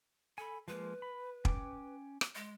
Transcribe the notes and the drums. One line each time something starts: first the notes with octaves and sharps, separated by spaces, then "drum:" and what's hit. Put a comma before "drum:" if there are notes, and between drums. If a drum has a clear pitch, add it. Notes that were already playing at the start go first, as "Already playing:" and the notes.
A4 G#5 B5
F3 G#3 A#3 B4
B5
C#4 G5 D6, drum: kick
drum: rim click
G#3